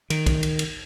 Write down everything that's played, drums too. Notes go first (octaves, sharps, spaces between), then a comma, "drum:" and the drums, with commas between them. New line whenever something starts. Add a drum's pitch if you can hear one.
D#3, drum: cymbal
drum: kick, cymbal
drum: cymbal
drum: cymbal